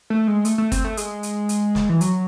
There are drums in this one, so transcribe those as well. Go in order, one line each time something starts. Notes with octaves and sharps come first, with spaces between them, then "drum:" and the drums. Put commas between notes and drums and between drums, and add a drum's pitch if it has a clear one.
A3
G#3
A3, drum: hi-hat
A3
C4, drum: kick, hi-hat
A3
G#3, drum: hi-hat
drum: hi-hat
drum: hi-hat
drum: snare
E3
F#3, drum: hi-hat